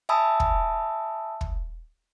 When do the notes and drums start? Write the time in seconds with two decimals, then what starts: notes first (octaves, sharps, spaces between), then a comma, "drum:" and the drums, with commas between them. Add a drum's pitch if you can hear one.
0.09 E5 G#5 A5 B5 D#6 E6
0.40 drum: kick
1.41 drum: kick